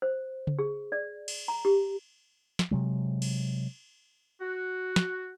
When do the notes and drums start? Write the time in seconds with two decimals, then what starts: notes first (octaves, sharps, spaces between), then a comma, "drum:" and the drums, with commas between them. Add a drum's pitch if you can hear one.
0.02 C5
0.47 drum: tom C#3
0.59 G#4
0.92 D5
1.28 drum: cymbal
1.48 A#5
1.65 G4
2.59 drum: snare
2.71 C3 F#3 G#3
3.22 drum: cymbal
4.41 F#4
4.96 drum: snare